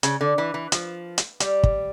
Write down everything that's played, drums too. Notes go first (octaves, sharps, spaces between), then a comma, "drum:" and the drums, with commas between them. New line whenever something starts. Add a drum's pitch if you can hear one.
C#3, drum: hi-hat
D3
E3
E3
F3, drum: hi-hat
drum: hi-hat
G3, drum: hi-hat
drum: kick